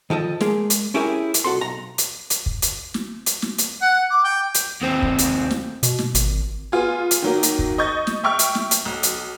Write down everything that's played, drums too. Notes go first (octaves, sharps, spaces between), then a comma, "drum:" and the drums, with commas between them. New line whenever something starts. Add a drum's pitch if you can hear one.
D#3 F3 A4 D#5
G#3 A#3 G#4, drum: snare
drum: hi-hat
C#4 E4 G4 G#4 A#4 C#5
drum: hi-hat
C2 F#4 A4 C6
B1 A#5
drum: hi-hat
drum: hi-hat
drum: kick
drum: hi-hat
drum: snare
drum: hi-hat
drum: snare
drum: hi-hat
F#5
D6
G5
drum: hi-hat
D#2 C4
drum: kick
drum: hi-hat
drum: snare
B2, drum: hi-hat
drum: snare
G#1, drum: hi-hat
B3 F4 G#4
drum: hi-hat
D#3 F#3 A#3
drum: hi-hat
drum: kick
D#5 C#6 G6 A6
drum: snare
E5 G5 C#6 F6
drum: hi-hat
drum: snare
drum: hi-hat
B1
drum: hi-hat